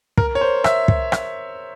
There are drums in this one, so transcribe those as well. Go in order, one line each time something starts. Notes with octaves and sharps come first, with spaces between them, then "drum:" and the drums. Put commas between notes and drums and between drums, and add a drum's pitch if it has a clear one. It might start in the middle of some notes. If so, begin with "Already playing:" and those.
A#4, drum: kick
C#5
C5
E5, drum: rim click
drum: kick
drum: rim click